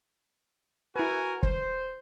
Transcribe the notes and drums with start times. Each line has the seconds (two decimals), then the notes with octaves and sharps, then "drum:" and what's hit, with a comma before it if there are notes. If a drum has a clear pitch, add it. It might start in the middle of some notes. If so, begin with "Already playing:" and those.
0.96 E4 F#4 A#4 B4 G#5
1.43 C5, drum: kick